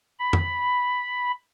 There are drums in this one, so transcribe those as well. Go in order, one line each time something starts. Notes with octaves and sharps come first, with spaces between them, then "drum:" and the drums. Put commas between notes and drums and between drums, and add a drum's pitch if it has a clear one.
B5
drum: tom